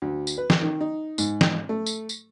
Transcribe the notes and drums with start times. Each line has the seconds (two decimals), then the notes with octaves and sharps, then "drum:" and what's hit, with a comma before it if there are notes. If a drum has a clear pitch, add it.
0.02 D2
0.27 drum: tambourine
0.38 B4
0.50 drum: snare
0.62 D#3
0.81 D#4
1.18 G#2, drum: tambourine
1.41 drum: snare
1.69 A3
1.86 drum: tambourine
2.09 drum: tambourine